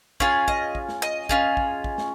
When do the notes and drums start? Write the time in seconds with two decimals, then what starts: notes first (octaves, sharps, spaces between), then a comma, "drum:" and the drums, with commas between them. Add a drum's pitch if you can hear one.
0.20 C#4 F4 G#4 F5, drum: kick
0.48 D#5, drum: kick
0.75 drum: kick
0.89 drum: snare
1.02 D#5
1.29 C#4 F4 G#4, drum: kick
1.57 drum: kick
1.84 drum: kick
1.98 drum: snare